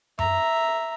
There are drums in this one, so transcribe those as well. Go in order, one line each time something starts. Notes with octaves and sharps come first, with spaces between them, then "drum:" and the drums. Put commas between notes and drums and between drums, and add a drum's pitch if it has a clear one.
E5 A#5, drum: tom F#2